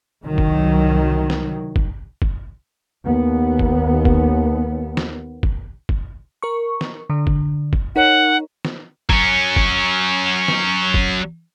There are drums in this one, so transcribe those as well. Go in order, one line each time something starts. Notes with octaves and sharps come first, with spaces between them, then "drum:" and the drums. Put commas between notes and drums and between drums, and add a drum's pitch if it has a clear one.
C2 D#3 F#3
drum: kick
drum: snare
drum: kick
drum: kick
D#2 B3
drum: kick
drum: kick
drum: snare
drum: kick
drum: kick
A#4 C#6
drum: snare
D3 D4
drum: kick
drum: kick
D#4 A#4 C#5 F#5
drum: snare
F#3 C#4, drum: kick
drum: kick
drum: snare
drum: kick